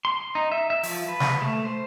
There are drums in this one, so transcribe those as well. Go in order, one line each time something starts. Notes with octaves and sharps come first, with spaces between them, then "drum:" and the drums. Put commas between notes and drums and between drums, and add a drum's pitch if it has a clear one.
C6
D#4
E5
E5
F3, drum: open hi-hat
B4
drum: snare
A3
C5